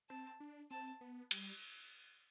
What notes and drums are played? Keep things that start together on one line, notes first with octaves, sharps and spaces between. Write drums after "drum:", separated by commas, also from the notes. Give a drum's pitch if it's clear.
C4 A5
D4
C4 A5
B3
G3, drum: cymbal